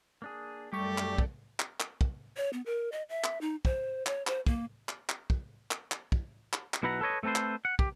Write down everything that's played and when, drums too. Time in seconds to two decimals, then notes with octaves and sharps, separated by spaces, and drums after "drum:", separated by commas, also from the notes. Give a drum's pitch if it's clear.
0.22 A#3 D4 G#4
0.73 F#2 G3 A3 G4 A4 D5 C#6
0.98 drum: clap
1.18 drum: kick
1.60 drum: clap
1.80 drum: clap
2.01 drum: kick
2.37 C#5
2.53 B3
2.66 A#4
2.92 D#5
3.09 E5
3.24 drum: clap
3.41 D#4
3.65 C5, drum: kick
4.06 C#5, drum: clap
4.27 C5, drum: clap
4.47 A#3, drum: kick
4.89 drum: clap
5.09 drum: clap
5.30 drum: kick
5.71 drum: clap
5.92 drum: clap
6.12 drum: kick
6.53 drum: clap
6.74 drum: clap
6.83 B1 B2 E4 B4 F#5 A#5
7.01 A4 B4 C#5 D#5
7.23 A3 C4 A4 B4 C5
7.35 drum: clap
7.65 F#5
7.79 G4, drum: kick